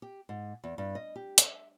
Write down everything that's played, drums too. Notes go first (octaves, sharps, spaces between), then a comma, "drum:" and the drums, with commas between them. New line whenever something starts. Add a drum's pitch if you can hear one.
G4
G#2
E2
G2
D#5
G4
E5, drum: hi-hat